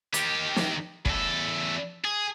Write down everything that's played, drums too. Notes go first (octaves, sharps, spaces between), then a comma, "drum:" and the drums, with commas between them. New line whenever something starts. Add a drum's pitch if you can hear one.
D#3 G4, drum: hi-hat
drum: snare
E2 A4, drum: kick
G#4